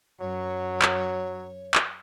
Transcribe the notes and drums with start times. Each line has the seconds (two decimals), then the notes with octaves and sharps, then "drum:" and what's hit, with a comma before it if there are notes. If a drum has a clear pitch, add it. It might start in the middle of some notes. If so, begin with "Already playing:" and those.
0.21 F#2 F#3 C#5
0.82 drum: clap
1.74 drum: clap